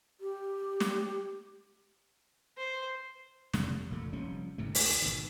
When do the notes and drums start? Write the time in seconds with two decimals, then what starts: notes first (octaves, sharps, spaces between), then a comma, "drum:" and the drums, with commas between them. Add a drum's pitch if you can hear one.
0.21 G4
0.80 drum: snare
2.57 C5
3.54 F2 C3, drum: snare
3.90 E1 A#2 A3
4.13 F1 F3 G3 C#4
4.58 G1 G#2 C3 A3
4.75 D2, drum: open hi-hat
5.02 G#1 B2 D#3